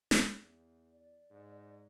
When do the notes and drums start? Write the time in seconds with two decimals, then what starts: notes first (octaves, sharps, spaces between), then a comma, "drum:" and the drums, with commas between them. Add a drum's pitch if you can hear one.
0.11 E2, drum: snare
0.93 D5
1.30 G#2